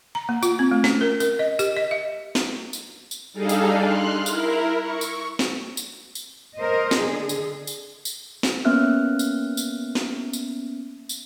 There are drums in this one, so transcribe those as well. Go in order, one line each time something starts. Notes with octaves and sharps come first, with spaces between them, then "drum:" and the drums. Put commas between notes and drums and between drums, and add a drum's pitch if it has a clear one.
A#5
A#3
F4, drum: tambourine
C4
A3
C#4, drum: snare
A#4
A#4, drum: tambourine
D#5
G4, drum: tambourine
D#5
E5
drum: snare
drum: tambourine
drum: tambourine
G3 D4 D#4 G#4 A4 F5
drum: tambourine
C6 F6 F#6
E4 A#4, drum: tambourine
C#6
drum: tambourine
drum: snare
drum: tambourine
drum: tambourine
A#4 C5 D#5
drum: snare
D3 G#4
drum: tambourine
drum: tambourine
drum: tambourine
drum: snare
A#3 B3 C#4 E5 F6 F#6
drum: tambourine
drum: tambourine
drum: snare
drum: tambourine
drum: tambourine